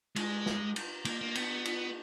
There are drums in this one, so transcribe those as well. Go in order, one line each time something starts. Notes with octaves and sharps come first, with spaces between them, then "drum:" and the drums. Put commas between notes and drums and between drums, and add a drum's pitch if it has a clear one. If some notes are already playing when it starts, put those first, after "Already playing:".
G#3, drum: cymbal
drum: snare
drum: cymbal
A#3, drum: cymbal
A#3
B3, drum: cymbal
drum: cymbal